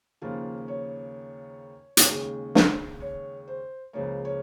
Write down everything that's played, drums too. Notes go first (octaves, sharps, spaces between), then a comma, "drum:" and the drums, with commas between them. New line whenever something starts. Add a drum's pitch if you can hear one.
D#2 C#3 F3 A#3 F4
C#5
drum: hi-hat
D#2 C#3 G#3
drum: snare
C#5
C5
C#2 C#3 F3 A#3 C#5
C#5